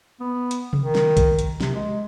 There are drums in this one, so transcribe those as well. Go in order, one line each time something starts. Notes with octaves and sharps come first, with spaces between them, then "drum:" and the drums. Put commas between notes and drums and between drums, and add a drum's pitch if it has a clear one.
B3
drum: hi-hat
drum: tom C3
D#3
drum: snare
drum: kick, hi-hat
drum: hi-hat
C3, drum: snare
G#3